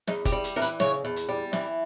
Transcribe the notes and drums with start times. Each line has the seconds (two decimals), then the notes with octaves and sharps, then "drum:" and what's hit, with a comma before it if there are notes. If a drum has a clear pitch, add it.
0.07 E2 D#4, drum: snare
0.25 G4, drum: kick F#1, hi-hat
0.32 G3
0.44 drum: hi-hat
0.56 E3 A#4
0.62 B4, drum: hi-hat
0.80 C#3 C#5, drum: snare
1.05 E2
1.16 drum: hi-hat
1.29 G3
1.53 E3, drum: snare